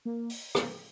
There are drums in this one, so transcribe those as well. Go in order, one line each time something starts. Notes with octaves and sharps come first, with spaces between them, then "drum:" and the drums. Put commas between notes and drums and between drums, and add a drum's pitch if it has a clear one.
A#3
drum: open hi-hat
drum: rim click